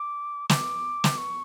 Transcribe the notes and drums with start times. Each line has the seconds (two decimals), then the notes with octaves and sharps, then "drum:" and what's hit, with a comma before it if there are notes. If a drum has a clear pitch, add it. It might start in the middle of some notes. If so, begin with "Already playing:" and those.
Already playing: D6
0.50 D6, drum: snare
1.04 drum: snare
1.18 C#6